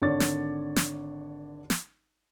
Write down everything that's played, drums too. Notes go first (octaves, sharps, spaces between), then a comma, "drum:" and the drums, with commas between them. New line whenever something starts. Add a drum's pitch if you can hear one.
G#1 D3 C#5 D5 D6 A6
drum: snare
drum: snare
drum: snare